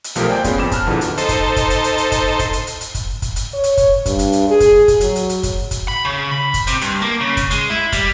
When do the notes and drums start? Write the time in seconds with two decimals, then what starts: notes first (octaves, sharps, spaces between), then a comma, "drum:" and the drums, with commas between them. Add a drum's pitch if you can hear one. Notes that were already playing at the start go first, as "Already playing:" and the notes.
0.04 drum: hi-hat
0.15 B1 F3 A3 G4 A#4 D#6, drum: hi-hat
0.29 C5 D5 G5 G#5 G6
0.44 G#3 B3 C#4 F4, drum: kick, hi-hat
0.58 F2 D6 E7
0.71 A5 F6 F#6, drum: kick, hi-hat
0.87 E2 G#2 B2 D3 E3 F3
1.01 drum: hi-hat
1.18 D#4 A4 C5, drum: hi-hat
1.29 drum: kick, hi-hat
1.56 drum: kick, hi-hat
1.70 drum: hi-hat
1.84 drum: hi-hat
1.98 drum: hi-hat
2.12 drum: kick, hi-hat
2.39 drum: kick, hi-hat
2.53 drum: hi-hat
2.67 drum: hi-hat
2.81 drum: hi-hat
2.95 drum: kick, hi-hat
3.22 drum: kick, hi-hat
3.36 drum: hi-hat
3.54 C#5
3.64 drum: hi-hat
3.77 drum: kick, hi-hat
4.06 G2, drum: kick, hi-hat
4.19 drum: hi-hat
4.33 drum: hi-hat
4.50 G#4
4.60 drum: kick, hi-hat
4.88 drum: kick, hi-hat
5.01 F#3, drum: hi-hat
5.16 drum: hi-hat
5.29 drum: hi-hat
5.43 drum: kick, hi-hat
5.71 drum: kick, hi-hat
5.88 B5
6.05 C#3
6.31 B5
6.54 drum: kick, hi-hat
6.67 C3, drum: hi-hat
6.81 G2, drum: hi-hat
7.02 A#3
7.20 C#3
7.37 drum: kick, hi-hat
7.51 G#3, drum: hi-hat
7.70 E4
7.92 G3, drum: kick, hi-hat